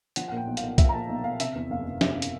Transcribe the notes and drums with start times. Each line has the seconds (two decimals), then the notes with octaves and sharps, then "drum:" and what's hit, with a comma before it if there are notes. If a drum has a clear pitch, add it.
0.16 F3 F#5, drum: hi-hat
0.28 F#5
0.32 A#2 G5
0.47 B1
0.57 F5, drum: hi-hat
0.63 B1
0.78 F3 E5, drum: kick C2, hi-hat
0.89 A#5
0.93 A#2 A5
1.09 B1
1.24 B1 F5
1.40 C3 E5, drum: hi-hat
1.55 E2
1.70 F#1 F5
1.86 F#1
2.01 C3 E5, drum: snare
2.22 drum: hi-hat